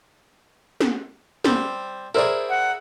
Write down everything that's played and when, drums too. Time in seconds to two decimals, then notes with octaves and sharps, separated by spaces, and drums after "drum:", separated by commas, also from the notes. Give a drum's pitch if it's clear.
0.81 drum: snare
1.45 G3 C4, drum: snare
2.15 E4 G#4 A#4 C5 D5
2.49 F#5